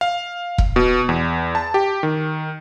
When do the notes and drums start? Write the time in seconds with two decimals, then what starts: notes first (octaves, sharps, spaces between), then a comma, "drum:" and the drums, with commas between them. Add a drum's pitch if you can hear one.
0.01 F5
0.58 drum: kick E1
0.76 B2
1.09 E2
1.55 A5
1.74 G4
2.03 D#3